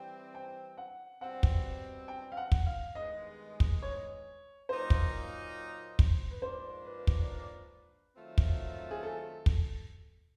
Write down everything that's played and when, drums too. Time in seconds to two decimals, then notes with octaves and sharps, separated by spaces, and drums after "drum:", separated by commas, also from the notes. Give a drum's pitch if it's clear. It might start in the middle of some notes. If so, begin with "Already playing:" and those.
Already playing: E3 G3 C4 G5
0.34 G5
0.78 F#5
1.21 B2 G3 C4 F#5
1.43 drum: kick
2.08 G5
2.32 F5
2.37 F#5
2.52 drum: kick
2.66 F5
2.95 G2 D#3 G#3 B3 D#5
3.60 drum: kick
3.82 C#5
4.69 A#2 F#3 A#3 D#4 C5
4.90 drum: kick
5.99 drum: kick
6.31 B4
6.42 G#2 F3 A#3 D4 C5
6.86 B4
7.07 drum: kick
8.16 D#3 F#3 A3 C4 F4
8.38 drum: kick
8.91 G#4
9.03 A4
9.46 drum: kick